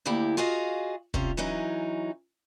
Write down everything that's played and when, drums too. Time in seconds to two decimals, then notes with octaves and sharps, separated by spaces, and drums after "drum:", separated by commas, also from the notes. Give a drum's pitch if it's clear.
0.05 D2 A#3 E4 G4
0.37 F4 F#4 G#4 D#5 F5
1.14 C3 C#4 F4, drum: kick
1.37 E3 F#3 C#4 D#4